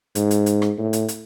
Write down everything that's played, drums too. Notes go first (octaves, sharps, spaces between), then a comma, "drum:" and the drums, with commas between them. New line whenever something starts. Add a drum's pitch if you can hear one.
G#2, drum: hi-hat
drum: hi-hat
drum: hi-hat
drum: rim click
A2
drum: hi-hat
drum: hi-hat